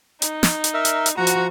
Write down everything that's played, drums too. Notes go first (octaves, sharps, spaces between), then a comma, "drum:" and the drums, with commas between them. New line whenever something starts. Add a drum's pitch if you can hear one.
D#4, drum: hi-hat
drum: snare
drum: hi-hat
A#4 E5
drum: hi-hat
drum: hi-hat
F3 F#4 F#5 A#5
drum: hi-hat